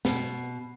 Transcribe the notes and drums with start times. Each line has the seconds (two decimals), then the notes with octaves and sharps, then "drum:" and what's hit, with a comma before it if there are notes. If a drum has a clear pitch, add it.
0.05 B2, drum: snare